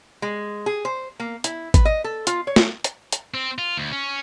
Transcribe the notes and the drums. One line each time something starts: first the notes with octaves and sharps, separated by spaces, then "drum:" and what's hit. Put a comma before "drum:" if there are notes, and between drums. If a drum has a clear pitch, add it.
G#3
G#4
C5
A#3
E4, drum: hi-hat
B4, drum: kick G#1, hi-hat
D#5
A4
F4, drum: hi-hat
C#5
drum: snare
drum: hi-hat
drum: hi-hat
C4
F4
D2
C#4